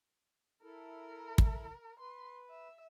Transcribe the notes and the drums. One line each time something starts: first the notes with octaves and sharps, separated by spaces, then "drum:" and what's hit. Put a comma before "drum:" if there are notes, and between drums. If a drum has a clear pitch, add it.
E4 A4 A#4
drum: kick
B4 C6
E5